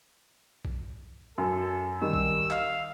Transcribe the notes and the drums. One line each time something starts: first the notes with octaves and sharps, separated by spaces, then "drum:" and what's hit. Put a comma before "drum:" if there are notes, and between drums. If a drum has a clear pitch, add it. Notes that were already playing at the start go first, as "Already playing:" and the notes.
drum: kick B1
F#2 A4
D#3 G3 E6
drum: kick B1
D#5 F5, drum: clap